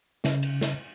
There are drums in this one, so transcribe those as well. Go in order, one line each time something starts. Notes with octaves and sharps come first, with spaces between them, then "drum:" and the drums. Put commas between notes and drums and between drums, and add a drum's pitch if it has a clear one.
C#3, drum: snare
drum: cymbal
drum: snare